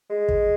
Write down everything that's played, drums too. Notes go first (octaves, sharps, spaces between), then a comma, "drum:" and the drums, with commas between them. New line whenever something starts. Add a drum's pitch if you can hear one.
G#3
drum: kick